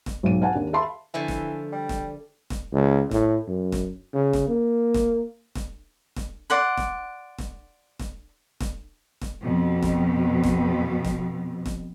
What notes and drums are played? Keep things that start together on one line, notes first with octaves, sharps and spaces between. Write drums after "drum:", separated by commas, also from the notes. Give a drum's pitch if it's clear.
drum: snare E1
B1 G#2 D#7
F5 F#5 G#5 A5
D#2 D4
E5 F5 A5 B5 C6
D3 E3 F3 A3
drum: snare E1
G3
drum: snare E1
drum: snare E1
C#2
A2, drum: snare E1
F#2
drum: snare E1
C#3
drum: snare E1
A#3
drum: snare E1
drum: snare E1
drum: snare E1
D5 F#5 C6
drum: snare E1
drum: snare E1
drum: snare E1
drum: snare E1
drum: snare E1
F2 B2
drum: snare E1
drum: snare E1
drum: snare E1
drum: snare E1